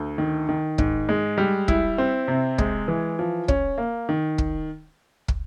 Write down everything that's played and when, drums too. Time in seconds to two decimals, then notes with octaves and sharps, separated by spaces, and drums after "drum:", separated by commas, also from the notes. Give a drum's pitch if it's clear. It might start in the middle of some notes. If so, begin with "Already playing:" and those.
Already playing: D2
0.18 D#3
0.49 D#3
0.78 G#2, drum: kick
1.09 G#3
1.38 G3
1.68 E4, drum: kick
1.98 C4
2.28 C3
2.58 G#3, drum: kick
2.88 E3
3.19 F3
3.48 C#4, drum: kick
3.78 A#3
4.09 D#3
4.38 drum: kick
5.28 drum: kick